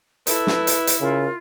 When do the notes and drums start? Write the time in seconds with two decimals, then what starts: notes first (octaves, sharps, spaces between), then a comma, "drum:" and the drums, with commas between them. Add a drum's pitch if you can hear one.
0.27 E4 A4 B4, drum: hi-hat
0.47 drum: snare
0.67 drum: hi-hat
0.87 drum: hi-hat
1.01 C#3 F4 A#4